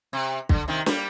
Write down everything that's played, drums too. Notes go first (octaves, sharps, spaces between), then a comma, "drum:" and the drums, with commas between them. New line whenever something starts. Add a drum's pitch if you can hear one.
C3
D3, drum: kick
C3 D#3
G3 A#3, drum: snare